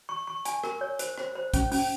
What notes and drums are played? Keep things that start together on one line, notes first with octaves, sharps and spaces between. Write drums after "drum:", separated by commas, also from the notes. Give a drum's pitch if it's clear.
C#6
C#6
G#5, drum: hi-hat
A#4, drum: rim click
C#5
C5, drum: hi-hat
C5, drum: rim click
C5
C#4, drum: kick, hi-hat
C#4, drum: open hi-hat